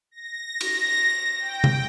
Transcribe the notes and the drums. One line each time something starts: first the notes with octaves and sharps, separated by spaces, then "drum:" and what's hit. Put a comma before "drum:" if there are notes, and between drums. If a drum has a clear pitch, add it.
A#6
drum: cymbal
G5
drum: tom C3